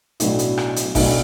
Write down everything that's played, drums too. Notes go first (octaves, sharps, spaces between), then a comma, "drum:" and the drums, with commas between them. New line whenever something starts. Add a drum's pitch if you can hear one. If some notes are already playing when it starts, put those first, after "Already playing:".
B1 A2 F#3 B3 D4, drum: hi-hat
drum: hi-hat
drum: rim click
drum: hi-hat
B1 A2 F#3 B3 D4, drum: kick G1, open hi-hat